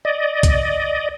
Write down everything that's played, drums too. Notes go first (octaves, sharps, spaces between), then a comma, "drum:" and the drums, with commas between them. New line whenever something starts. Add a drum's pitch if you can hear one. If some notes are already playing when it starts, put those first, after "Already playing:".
D5 D#5
drum: kick C2, hi-hat